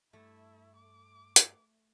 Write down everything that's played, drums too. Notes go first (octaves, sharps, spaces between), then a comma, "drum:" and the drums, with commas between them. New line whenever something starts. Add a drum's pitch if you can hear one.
G2 A3 E4
D6
drum: hi-hat